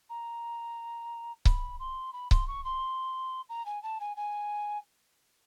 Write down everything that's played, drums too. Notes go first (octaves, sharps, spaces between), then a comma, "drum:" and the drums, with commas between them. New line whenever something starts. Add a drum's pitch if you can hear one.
A#5
B5, drum: kick C#1
C6
B5
C6, drum: kick C#1
C#6
C6
A#5
G#5
A5
G#5
G#5